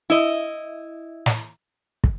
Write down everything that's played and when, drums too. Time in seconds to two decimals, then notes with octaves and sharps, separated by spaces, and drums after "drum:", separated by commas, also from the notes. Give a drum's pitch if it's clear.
0.10 E4 D#5
1.26 drum: snare
2.04 drum: kick